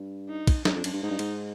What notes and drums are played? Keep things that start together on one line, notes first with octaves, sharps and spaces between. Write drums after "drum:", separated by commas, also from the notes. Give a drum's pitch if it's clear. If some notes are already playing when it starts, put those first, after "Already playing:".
Already playing: G2
D#4
drum: kick, cymbal
F#2 D4, drum: snare
F2
F#2, drum: cymbal
G2
G#2 D#4
G2
G#2, drum: cymbal